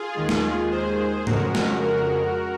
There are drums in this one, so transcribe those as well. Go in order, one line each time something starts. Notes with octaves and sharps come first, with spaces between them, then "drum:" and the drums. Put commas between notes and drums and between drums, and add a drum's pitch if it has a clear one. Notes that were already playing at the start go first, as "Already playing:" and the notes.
Already playing: F4 G#4
D#2 D#3 G#3
drum: snare
G#4 C5
F2 C#3 G#3 F#4 A#4, drum: tom G#2
F#4 A#4, drum: snare
F#4 A#4